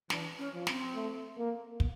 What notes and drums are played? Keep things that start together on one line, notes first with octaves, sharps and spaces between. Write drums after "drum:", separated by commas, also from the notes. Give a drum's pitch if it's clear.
E3 D4, drum: snare
C#4
F3
C4, drum: snare
A3
A#3
B3, drum: kick